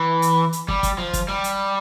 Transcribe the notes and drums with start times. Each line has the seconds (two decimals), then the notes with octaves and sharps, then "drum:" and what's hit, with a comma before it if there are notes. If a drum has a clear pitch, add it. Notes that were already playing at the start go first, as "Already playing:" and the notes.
Already playing: E3
0.22 drum: hi-hat
0.53 drum: hi-hat
0.68 G3, drum: kick
0.83 drum: kick, hi-hat
0.98 F3
1.13 drum: kick, hi-hat
1.28 G3
1.44 drum: hi-hat